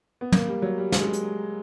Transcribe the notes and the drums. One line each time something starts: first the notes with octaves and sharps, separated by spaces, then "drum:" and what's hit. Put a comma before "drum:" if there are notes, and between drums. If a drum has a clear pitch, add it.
B3
A#3, drum: tom
G3
F#3
G3
G#3, drum: snare
drum: hi-hat